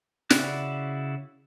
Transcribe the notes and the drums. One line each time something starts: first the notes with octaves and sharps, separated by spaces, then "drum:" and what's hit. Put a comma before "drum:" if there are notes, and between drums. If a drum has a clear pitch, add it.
C#3 E4 F#4 D5 F#6, drum: snare